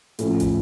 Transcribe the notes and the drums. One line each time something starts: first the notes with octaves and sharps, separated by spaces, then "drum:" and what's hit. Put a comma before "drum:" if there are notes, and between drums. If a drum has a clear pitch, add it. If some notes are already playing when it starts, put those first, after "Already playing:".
A2 F3 C#4, drum: hi-hat
drum: kick, hi-hat